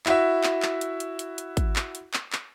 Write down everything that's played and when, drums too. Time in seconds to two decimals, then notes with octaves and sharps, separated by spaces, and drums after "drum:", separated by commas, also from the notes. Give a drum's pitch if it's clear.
0.06 E4 F#4 E5, drum: clap
0.44 drum: clap
0.62 drum: clap
0.81 drum: hi-hat
1.00 drum: hi-hat
1.19 drum: hi-hat
1.38 drum: hi-hat
1.57 drum: kick, hi-hat
1.76 drum: clap
1.95 drum: hi-hat
2.14 drum: clap
2.33 drum: clap